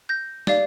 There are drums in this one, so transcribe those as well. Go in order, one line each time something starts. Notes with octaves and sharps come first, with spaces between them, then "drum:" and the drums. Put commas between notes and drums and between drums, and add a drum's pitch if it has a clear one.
G6 A#6
G4 D5 F5, drum: snare